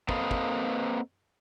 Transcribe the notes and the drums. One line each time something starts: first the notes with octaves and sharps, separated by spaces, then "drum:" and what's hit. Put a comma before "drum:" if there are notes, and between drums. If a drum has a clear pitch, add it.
A#3 C4 A4 B4 D#5 F5, drum: kick
drum: kick